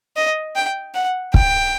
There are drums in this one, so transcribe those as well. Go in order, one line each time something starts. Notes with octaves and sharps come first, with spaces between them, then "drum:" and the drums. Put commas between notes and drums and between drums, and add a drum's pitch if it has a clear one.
D#5
G5
F#5
G5, drum: kick